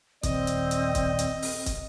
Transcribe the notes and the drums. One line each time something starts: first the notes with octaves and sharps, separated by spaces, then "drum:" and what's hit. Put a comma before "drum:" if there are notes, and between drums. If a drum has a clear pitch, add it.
D#1 C4 D5 D#5, drum: kick, hi-hat
drum: hi-hat
drum: hi-hat
drum: kick, hi-hat
drum: hi-hat
drum: open hi-hat
drum: kick, hi-hat